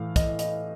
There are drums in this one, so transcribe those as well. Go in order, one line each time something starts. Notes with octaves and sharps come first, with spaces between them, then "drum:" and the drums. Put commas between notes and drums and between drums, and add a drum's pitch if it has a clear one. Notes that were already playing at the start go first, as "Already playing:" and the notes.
Already playing: A2 E3 F5
D#5, drum: kick, hi-hat
D#5, drum: hi-hat